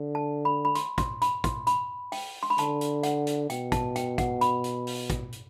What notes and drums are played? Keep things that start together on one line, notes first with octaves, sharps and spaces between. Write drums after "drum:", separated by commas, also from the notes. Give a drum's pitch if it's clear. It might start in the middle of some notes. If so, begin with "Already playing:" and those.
Already playing: D3
A5
B5
B5
C6, drum: hi-hat
C6, drum: kick, hi-hat
B5, drum: hi-hat
C6, drum: kick, hi-hat
B5, drum: hi-hat
G5, drum: open hi-hat
C6
B5
D3 A5, drum: hi-hat
drum: hi-hat
F#5, drum: hi-hat
drum: hi-hat
B2 G5, drum: hi-hat
A5, drum: kick, hi-hat
G5, drum: hi-hat
F#5, drum: kick, hi-hat
B5, drum: hi-hat
drum: hi-hat
drum: open hi-hat
drum: kick, hi-hat
drum: hi-hat